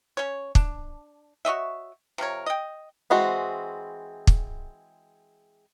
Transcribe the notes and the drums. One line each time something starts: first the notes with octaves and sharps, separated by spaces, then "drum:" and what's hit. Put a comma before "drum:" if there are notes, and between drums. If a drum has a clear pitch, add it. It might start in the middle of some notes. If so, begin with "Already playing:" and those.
C#4 C#5
D4, drum: kick
F#4 C#5 D#5 E5
C3 F3 A#4 C#5
D#5 G5
E3 G#3 C4 F#4
drum: kick